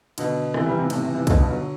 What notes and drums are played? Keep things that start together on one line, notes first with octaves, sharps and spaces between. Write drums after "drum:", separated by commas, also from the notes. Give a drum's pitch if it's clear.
B2 D3, drum: cymbal
C3 E3, drum: rim click
E3 G3
C3 E3
A2 C3, drum: cymbal
C3 E3
C3 E3
B2 D3, drum: kick, cymbal
G2 B2
D3 F#3